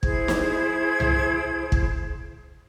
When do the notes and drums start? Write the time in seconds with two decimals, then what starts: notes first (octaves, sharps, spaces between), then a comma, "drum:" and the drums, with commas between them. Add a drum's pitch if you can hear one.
0.03 E4 G#4 C5 G#6, drum: kick
0.28 drum: snare
1.00 drum: tom C2
1.72 drum: kick